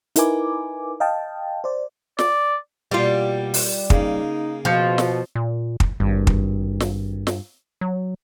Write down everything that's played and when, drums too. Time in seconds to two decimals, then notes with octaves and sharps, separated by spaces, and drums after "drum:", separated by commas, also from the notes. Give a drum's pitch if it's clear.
0.16 D#4 E4 A#4 B4 G#5 D6, drum: hi-hat
1.00 D#5 F5 G5 A5
1.64 C5 D5
2.19 D5, drum: snare
2.92 B2 G3 A#3 F4
3.54 drum: open hi-hat
3.90 C#3 A#3 D#4, drum: kick
4.65 B2 F3 F5 G6 C#7
4.98 drum: snare
5.35 A#2
5.80 drum: kick
6.00 G#1 G2
6.27 drum: kick
6.80 drum: snare
7.27 drum: snare
7.81 F#3